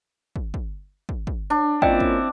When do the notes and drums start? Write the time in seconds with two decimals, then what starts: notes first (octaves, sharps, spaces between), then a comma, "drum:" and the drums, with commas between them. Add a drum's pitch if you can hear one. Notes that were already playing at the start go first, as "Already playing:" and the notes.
0.36 drum: kick
0.54 drum: kick
1.09 drum: kick
1.27 drum: kick
1.50 D4
1.82 A#3 C4 C#4 E4 F4 D5 D#5 G5, drum: kick
2.00 drum: kick